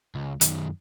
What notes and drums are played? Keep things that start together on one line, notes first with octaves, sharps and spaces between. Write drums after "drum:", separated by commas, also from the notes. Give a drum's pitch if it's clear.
C#2
F#2 D#3, drum: hi-hat